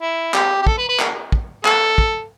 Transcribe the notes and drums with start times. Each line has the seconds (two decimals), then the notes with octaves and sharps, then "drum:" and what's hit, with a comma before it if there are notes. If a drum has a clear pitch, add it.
0.01 E4
0.34 G4, drum: clap
0.62 G4
0.67 A4, drum: kick
0.78 B4
0.89 B4
1.00 drum: clap
1.32 drum: kick
1.65 A4, drum: clap
1.98 drum: kick